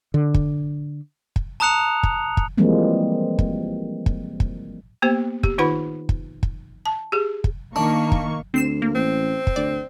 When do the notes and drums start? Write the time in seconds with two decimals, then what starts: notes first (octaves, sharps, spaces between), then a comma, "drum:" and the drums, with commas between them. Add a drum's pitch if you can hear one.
0.14 D3
0.34 drum: kick
1.36 drum: kick
1.60 A5 A#5 D#6 F#6 C#7 F7
2.03 drum: kick
2.37 drum: kick
2.58 E3 F3 G3 G#3 A#3 C4
3.39 drum: kick
4.06 drum: kick
4.40 drum: kick
5.02 A#3 B3 G4 C5
5.43 G4, drum: kick
5.58 D#3 D#4 F4 B4 F#5 B5
6.09 drum: kick
6.43 drum: kick
6.86 A5
7.12 G4 G#4
7.44 drum: kick
7.76 D#3 A#3 D4 C#6
8.12 drum: kick
8.54 D2 C4 C7 E7
8.82 A#3
8.95 A1 C4
9.47 drum: kick
9.56 D2 D5